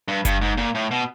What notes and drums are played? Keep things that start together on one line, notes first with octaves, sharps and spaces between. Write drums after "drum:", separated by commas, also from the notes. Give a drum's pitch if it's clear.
G2
G2, drum: kick F#1, hi-hat
G#2
A#2
A2
B2